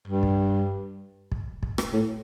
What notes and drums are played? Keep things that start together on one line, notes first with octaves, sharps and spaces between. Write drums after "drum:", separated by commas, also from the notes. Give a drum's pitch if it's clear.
G2
drum: kick
drum: kick
drum: kick
drum: rim click
A2